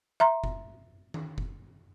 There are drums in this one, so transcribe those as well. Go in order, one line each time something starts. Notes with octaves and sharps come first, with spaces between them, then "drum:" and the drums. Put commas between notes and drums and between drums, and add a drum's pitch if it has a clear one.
E5 A#5 C6
drum: kick F1
drum: tom D#3
drum: kick F1